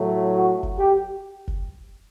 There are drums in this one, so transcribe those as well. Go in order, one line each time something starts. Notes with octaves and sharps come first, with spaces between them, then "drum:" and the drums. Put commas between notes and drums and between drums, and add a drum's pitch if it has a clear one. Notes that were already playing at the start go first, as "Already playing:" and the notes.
Already playing: A2 F#3 A3
F#4
drum: kick
G4
drum: kick